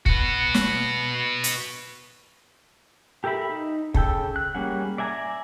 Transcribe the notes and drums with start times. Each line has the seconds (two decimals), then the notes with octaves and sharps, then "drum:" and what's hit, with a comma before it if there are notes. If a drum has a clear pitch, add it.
0.06 F#4 B4, drum: kick
0.54 drum: snare
1.44 drum: hi-hat
3.24 G4 A4 A#4 E5 B5
3.50 D#4
3.94 C#3 A4 G5 E6, drum: kick
4.36 F#6
4.55 G3 A#3 C#4 G#4 F#5
4.98 D5 E5 G#5 A#5